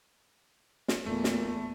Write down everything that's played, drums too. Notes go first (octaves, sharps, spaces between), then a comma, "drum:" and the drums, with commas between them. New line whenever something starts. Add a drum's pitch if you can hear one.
drum: snare
E2 A#2 A3
drum: snare